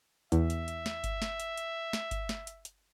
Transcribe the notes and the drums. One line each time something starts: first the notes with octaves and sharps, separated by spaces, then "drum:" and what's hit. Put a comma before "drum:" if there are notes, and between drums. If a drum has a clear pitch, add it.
E2 E5, drum: hi-hat
drum: hi-hat
drum: hi-hat
drum: snare
drum: kick G1, hi-hat
drum: snare
drum: hi-hat
drum: hi-hat
drum: snare
drum: kick G1, hi-hat
drum: snare
drum: hi-hat
drum: hi-hat